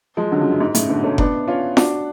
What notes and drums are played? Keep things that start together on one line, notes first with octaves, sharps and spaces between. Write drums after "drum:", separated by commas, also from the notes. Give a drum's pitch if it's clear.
F3 G#3
D3 F#3
C#3 F3
F#2
G#2
A2 C#3, drum: hi-hat
B2 D3
A3 C#4
B3 D4, drum: kick F#1
C#4 F4
D4 F#4, drum: snare